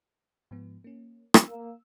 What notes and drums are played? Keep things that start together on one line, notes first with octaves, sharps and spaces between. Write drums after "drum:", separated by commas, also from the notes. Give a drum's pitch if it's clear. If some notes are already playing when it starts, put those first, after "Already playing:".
G#2 F3 B3
A#3 C#4
drum: rim click
A#3 E6